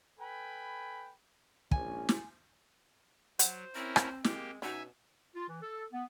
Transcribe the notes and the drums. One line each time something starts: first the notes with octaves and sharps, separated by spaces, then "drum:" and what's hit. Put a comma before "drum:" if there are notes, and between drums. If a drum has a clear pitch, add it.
A4 B4 G5 G#5 B5
A#1 G#2 C#4 G#5, drum: kick
drum: snare
F#3 C5 F#5, drum: hi-hat
C4 C#4 E4 A#4
drum: rim click
G#3 A#3 G4, drum: snare
B2 C#4 D#4 F#4 E5 G#5
F4
E3
A4
B3